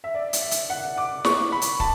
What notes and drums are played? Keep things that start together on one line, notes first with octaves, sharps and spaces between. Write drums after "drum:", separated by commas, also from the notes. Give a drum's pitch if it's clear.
E5
D5
drum: hi-hat
E5
drum: hi-hat
F#5
D6
C#6, drum: snare
B5
drum: hi-hat
A5, drum: kick